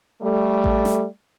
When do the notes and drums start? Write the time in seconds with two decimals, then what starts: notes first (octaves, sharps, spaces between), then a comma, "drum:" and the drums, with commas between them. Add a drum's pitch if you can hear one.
0.22 G3 A3
0.64 drum: kick A1
0.85 drum: snare